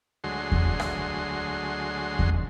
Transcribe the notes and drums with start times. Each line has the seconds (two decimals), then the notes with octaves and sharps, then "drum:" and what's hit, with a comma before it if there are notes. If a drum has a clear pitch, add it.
0.24 D2 F#3 G#3 C6
0.52 drum: kick E2
0.80 drum: rim click
2.19 drum: kick E2